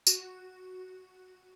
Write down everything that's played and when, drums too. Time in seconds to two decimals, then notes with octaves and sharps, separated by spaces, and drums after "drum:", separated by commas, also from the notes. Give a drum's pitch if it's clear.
0.07 F#4, drum: tambourine